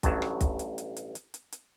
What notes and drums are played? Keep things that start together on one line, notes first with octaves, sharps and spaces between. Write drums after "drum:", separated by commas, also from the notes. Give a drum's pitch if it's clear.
A1 G2 F#3 A5, drum: kick, hi-hat
drum: rim click
drum: kick, hi-hat
drum: hi-hat
drum: hi-hat
drum: hi-hat
drum: hi-hat
drum: hi-hat
drum: hi-hat